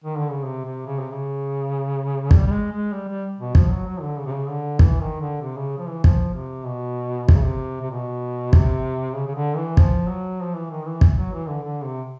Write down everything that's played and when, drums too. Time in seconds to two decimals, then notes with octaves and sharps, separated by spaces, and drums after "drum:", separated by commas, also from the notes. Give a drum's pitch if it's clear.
0.04 D#3
0.18 D3
0.30 C#3
0.44 C3
0.65 C3
0.86 C#3
0.99 C3
1.13 C#3
2.31 G3, drum: kick
2.47 G3
2.52 G#3
2.72 G#3
2.93 G3
3.08 G3
3.39 B2
3.55 F3, drum: kick
3.70 F#3
3.86 F#3
4.01 D3
4.17 C#3
4.26 C3
4.33 C#3
4.49 D3
4.79 E3, drum: kick
5.00 D#3
5.21 D3
5.41 C3
5.57 C#3
5.78 F3
5.89 E3
6.04 F3, drum: kick
6.34 C3
6.66 B2
7.29 C3, drum: kick
7.37 C#3
7.43 C3
7.81 C3
7.91 B2
8.53 C3, drum: kick
9.15 C#3
9.27 C#3
9.35 D3
9.56 E3
9.77 F3, drum: kick
10.08 F#3
10.43 F3
10.54 E3
10.70 D#3
10.86 E3
11.01 drum: kick
11.17 F#3
11.33 E3
11.48 D3
11.63 D3
11.85 C3